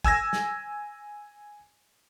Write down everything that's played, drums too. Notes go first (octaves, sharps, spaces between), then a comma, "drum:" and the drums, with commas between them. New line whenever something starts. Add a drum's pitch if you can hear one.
G#5 E6 G#6 A#6, drum: kick
drum: snare